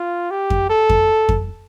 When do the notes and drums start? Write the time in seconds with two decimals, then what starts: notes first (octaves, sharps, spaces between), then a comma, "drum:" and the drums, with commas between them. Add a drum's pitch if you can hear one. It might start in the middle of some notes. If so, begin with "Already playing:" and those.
Already playing: F4
0.31 G4
0.50 drum: kick F2
0.70 A4
0.90 drum: kick F2
1.29 drum: kick F2